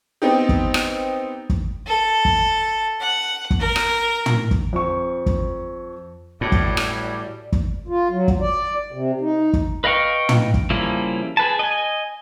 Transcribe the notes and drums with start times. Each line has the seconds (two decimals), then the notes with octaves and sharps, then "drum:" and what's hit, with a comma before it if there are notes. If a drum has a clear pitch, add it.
0.22 B3 C4 D#4 G4
0.49 drum: kick
0.74 drum: rim click
1.50 drum: kick
1.87 A4
2.25 drum: kick
3.00 F#5
3.51 drum: kick
3.60 A#4
3.76 drum: rim click
4.26 drum: tom
4.51 drum: kick
4.73 F2 C#6
5.26 drum: kick
6.41 A2 E3 F#3 G3 D5
6.52 drum: kick
6.77 drum: rim click
7.52 drum: kick
7.88 F4
8.10 F#3
8.28 drum: kick
8.41 D5
8.92 C3
9.21 D#4
9.53 drum: kick
9.84 B4 D#5 F5 G5 C#6
10.29 drum: tom
10.54 drum: kick
10.70 C#3 F3 G3 A#3 E4
11.37 G#4 B4 A5
11.59 D#5 G#5